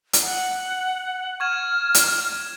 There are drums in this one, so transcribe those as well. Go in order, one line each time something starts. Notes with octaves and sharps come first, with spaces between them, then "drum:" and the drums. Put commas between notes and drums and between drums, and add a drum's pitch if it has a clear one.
drum: hi-hat
F#5
C#6 F6 G#6 E7
drum: hi-hat